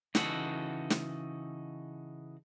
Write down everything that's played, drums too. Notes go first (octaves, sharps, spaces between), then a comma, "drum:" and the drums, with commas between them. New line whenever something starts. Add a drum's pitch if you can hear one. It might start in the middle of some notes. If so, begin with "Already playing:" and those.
C#3 E3 D#4 F#4 A4 F#5, drum: snare
drum: snare